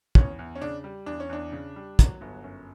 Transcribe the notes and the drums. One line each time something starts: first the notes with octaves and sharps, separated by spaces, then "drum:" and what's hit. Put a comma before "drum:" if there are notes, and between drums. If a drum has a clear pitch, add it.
E2 C#4, drum: kick
E2
C#4
C#3 D4
G3
E2 D4
C#4
E2 D4
C#3
G3
F#3, drum: kick, hi-hat
G1
F#2